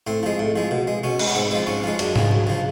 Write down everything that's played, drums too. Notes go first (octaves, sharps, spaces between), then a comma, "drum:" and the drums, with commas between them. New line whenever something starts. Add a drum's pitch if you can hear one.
A2 C4
F3 G#3
A2
F3 G#3
B2
G#3
B2 C#4
G#3, drum: cymbal
B3
G#2 C4
F3 G#3
G#2 C#4
F3 G#3
F#2 D4, drum: cymbal
C#3 F3, drum: tom G#2
F#2
C#3 F3